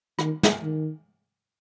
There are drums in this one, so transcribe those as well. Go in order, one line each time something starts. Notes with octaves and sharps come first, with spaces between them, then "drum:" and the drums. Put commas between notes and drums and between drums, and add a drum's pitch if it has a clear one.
D#3, drum: rim click
drum: snare
D#3